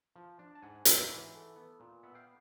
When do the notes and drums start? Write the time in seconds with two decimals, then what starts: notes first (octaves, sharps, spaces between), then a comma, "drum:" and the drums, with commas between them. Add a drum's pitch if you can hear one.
0.16 F3
0.39 D4
0.55 A5
0.62 G#2 F#5 G#5
0.85 G#2 E5 F#5, drum: hi-hat
1.09 E3
1.33 A3
1.56 B3
1.80 A#2
2.03 B3 E5 F#5
2.15 F5 G5